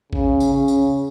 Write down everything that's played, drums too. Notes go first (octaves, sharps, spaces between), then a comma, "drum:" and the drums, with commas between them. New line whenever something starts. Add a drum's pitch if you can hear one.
C#3, drum: kick A1
drum: tambourine
C#3
drum: tambourine